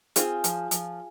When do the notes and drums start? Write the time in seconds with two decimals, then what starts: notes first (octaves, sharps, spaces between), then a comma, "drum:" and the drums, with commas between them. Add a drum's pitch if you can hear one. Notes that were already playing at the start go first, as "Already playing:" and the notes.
0.16 C4 F4 G#4, drum: hi-hat
0.44 F3, drum: hi-hat
0.71 F3, drum: hi-hat